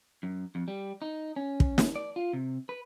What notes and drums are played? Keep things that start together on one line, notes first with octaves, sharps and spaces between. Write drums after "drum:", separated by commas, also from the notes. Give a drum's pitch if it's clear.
F#2
F2
G3
D#4
C#4
drum: kick
drum: snare
D5
F4
C3
B4